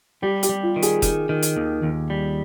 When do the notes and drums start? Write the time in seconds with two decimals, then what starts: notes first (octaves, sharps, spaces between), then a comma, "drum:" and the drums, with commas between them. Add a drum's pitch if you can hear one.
0.22 G3 G4
0.43 G4, drum: hi-hat
0.49 G3
0.63 F4
0.76 D#3
0.83 G#4, drum: hi-hat
1.02 D#3, drum: kick, hi-hat
1.29 D#3
1.43 drum: hi-hat
1.57 D#2
1.83 D#2
2.10 G3